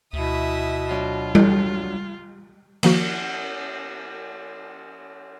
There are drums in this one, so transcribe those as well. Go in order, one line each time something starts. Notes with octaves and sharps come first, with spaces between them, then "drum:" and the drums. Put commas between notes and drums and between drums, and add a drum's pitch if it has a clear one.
D2 B2 E4 E5 D#6
F#3 D4 F4
drum: tom G3
D#3 F3 A#3 F#4, drum: cymbal